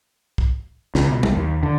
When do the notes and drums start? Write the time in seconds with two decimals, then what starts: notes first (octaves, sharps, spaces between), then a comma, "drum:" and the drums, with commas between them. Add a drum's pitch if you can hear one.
0.38 drum: kick
0.95 C#2, drum: snare
1.10 B2
1.23 C2, drum: tom
1.35 D#2
1.63 D3